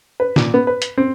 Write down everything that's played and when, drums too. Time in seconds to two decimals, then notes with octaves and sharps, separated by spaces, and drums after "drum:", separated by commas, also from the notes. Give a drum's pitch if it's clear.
0.20 B4
0.36 A#2, drum: snare
0.54 B3
0.67 B4
0.82 drum: hi-hat
0.98 C4